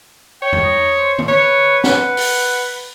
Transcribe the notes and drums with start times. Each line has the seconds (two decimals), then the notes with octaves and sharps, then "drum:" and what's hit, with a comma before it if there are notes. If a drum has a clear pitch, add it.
0.42 C#5 G5
0.53 drum: tom E2
0.64 D#4
0.98 C5
1.19 drum: tom D3
1.28 B4 C#5
1.84 B4 F#5, drum: snare
2.17 drum: open hi-hat